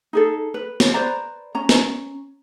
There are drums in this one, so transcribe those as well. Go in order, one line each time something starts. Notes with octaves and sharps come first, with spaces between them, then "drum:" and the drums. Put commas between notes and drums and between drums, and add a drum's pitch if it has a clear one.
D#4 G#4 A4
B4
drum: snare
B4 C5 D5 A#5
C#4 A#5
drum: snare